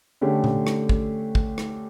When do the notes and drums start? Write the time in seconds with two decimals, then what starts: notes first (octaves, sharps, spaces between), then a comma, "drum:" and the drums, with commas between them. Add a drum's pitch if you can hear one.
0.21 D3 A3 C#4 G4
0.44 drum: tom A#2
0.67 drum: rim click
0.89 drum: kick
1.35 drum: kick
1.58 drum: rim click